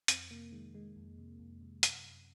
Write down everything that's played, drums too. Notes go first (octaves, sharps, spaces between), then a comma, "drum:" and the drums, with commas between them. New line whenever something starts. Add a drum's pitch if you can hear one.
F2 C4, drum: hi-hat
C3 A#3
D#3 G#3
D#3 G#3
F2
C3
F2
C3
F#2, drum: hi-hat
F#2